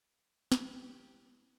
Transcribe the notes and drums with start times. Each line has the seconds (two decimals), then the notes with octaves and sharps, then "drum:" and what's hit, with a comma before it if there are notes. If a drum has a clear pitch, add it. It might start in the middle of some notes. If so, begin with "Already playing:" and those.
0.52 G#3 E4 G4, drum: snare